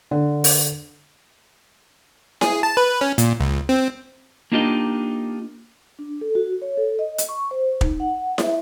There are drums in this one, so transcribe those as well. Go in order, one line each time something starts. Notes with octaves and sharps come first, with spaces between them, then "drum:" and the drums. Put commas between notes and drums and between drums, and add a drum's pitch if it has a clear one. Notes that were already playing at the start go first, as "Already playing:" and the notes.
D3
drum: open hi-hat
G#4, drum: snare E4
A5
B4
C#4
A#2, drum: hi-hat
C#2
C4
A#3 D4 D#4 F4 G4 D#5
D4
A4
F#4
C#5
A4
D#5
drum: hi-hat
C#6
C5
D#4, drum: kick
F#5
E5, drum: snare E4